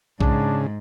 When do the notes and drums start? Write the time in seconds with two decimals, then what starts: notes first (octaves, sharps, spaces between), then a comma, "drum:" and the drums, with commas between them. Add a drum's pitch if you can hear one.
0.21 G#2 C#3 D4, drum: kick B1